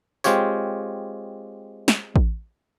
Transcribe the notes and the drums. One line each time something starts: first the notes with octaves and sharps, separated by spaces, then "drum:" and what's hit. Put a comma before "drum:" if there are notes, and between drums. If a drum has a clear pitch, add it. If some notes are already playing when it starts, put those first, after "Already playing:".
G#3 C4 F4 G4 C#5, drum: tambourine
drum: snare
drum: kick A1